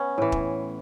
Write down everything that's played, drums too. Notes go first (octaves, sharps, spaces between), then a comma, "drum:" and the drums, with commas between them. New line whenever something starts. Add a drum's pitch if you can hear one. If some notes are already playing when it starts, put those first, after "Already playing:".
Already playing: B3 C#4
A2 E3
drum: kick